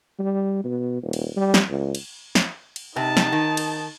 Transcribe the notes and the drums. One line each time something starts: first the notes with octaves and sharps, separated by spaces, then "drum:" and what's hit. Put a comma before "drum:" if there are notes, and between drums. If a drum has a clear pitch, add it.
G3
B2
D#1
drum: cymbal
G3
drum: snare
C#2
drum: cymbal
drum: snare
drum: cymbal
C3 D#4 A5
drum: snare
D#3
drum: cymbal